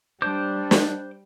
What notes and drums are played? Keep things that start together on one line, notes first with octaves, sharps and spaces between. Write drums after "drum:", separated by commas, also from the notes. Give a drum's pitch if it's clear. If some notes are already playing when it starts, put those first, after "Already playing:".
G3 D4 C5 D6 G6
drum: snare